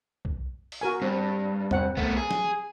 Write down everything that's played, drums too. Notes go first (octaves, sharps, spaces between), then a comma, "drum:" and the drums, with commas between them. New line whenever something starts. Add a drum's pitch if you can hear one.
drum: kick B1
drum: open hi-hat
F#4 A#4 G#5
G2 C4
C4 F#5, drum: tom E2
A3 B3, drum: kick B1
G#4
drum: snare